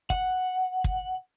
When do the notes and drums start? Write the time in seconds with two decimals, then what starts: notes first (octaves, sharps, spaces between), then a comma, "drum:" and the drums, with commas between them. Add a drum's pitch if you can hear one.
0.10 F#5, drum: kick
0.84 drum: kick